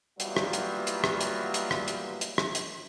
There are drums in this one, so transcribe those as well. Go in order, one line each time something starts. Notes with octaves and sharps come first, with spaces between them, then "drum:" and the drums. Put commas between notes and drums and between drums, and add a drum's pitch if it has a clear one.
E3 F#3 G3 A#3 B3 F4, drum: hi-hat
drum: rim click
drum: hi-hat
drum: hi-hat
drum: rim click
drum: hi-hat
drum: hi-hat
drum: rim click
drum: hi-hat
drum: hi-hat
drum: rim click
drum: hi-hat